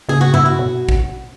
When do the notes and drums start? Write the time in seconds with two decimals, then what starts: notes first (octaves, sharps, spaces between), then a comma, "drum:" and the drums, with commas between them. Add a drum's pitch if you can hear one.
0.09 C#3 G#4
0.21 F#4
0.34 E4, drum: tom G2
0.46 F#4
0.59 B2
0.89 drum: kick